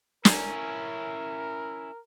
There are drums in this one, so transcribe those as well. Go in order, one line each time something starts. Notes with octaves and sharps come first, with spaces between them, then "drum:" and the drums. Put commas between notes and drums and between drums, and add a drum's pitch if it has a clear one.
C#4 E4 A#4, drum: snare